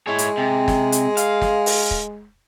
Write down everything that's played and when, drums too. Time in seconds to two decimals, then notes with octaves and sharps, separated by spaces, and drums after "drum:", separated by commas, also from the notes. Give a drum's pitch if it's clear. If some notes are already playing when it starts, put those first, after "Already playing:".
0.07 G#3 E4 C#5
0.18 drum: hi-hat
0.37 C3
0.68 drum: snare
0.92 drum: hi-hat
1.17 F5, drum: hi-hat
1.42 drum: snare
1.66 drum: open hi-hat
1.91 drum: kick